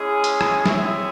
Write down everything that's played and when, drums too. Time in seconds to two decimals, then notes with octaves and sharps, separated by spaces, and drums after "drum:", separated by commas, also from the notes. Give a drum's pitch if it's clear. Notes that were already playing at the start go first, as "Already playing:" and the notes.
Already playing: G#3 C#4 E4 G#4
0.24 drum: hi-hat
0.41 drum: rim click
0.66 C4 E4 G#4 C#5 E5, drum: snare